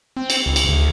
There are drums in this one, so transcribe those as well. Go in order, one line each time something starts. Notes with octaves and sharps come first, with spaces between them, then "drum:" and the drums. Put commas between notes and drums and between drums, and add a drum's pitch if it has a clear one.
C4
drum: cymbal
C#2
drum: cymbal
D2